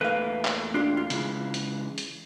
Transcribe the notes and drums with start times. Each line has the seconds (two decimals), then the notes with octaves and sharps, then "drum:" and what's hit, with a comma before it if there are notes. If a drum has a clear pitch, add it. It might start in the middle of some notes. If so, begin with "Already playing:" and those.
0.01 E2 A3 A#3 B4 F5
0.45 drum: clap
0.74 D4 F4 G4
0.97 F4
1.10 C#3 E3 G#3, drum: hi-hat
1.54 drum: hi-hat
1.98 drum: hi-hat